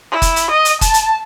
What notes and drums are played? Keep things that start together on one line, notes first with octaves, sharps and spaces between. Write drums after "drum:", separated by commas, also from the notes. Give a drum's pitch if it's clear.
E4
drum: kick, hi-hat
drum: hi-hat
D#5
drum: hi-hat
A5, drum: kick, hi-hat
drum: hi-hat